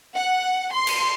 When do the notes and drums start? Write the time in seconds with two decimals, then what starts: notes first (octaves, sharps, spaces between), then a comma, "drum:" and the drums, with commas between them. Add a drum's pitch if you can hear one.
0.16 F#5
0.75 C6
0.87 drum: cymbal